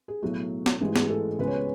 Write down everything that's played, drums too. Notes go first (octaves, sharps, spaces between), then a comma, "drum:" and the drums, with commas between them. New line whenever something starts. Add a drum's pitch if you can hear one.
G#4
B1 A2 F#3 A3 F#4
drum: snare
A1 G#2 E3 G#3 G#4
G#4, drum: snare
A4
C#2 C#3 G#3 B3 B4
C#5
B4